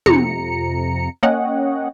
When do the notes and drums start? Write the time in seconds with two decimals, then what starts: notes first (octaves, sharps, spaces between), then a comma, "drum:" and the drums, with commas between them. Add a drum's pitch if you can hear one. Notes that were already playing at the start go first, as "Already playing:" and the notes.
0.06 F2 C3 F3 A#5 C#7, drum: tom
1.23 A#3 C#4 C#5 D#5 F#5 G5